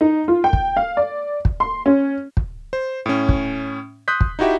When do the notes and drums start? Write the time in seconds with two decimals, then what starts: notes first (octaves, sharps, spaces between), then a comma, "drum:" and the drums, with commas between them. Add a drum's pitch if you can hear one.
0.01 D#4
0.28 F4
0.44 G5
0.53 drum: kick
0.77 F5
0.97 D5
1.45 drum: kick
1.60 C6
1.86 C#4
2.37 drum: kick
2.73 C5
3.06 A2 C#4
3.29 drum: kick
4.08 C6 D#6 F#6 G6 B6
4.21 drum: kick
4.39 D#4 E4 F#4 G4 E5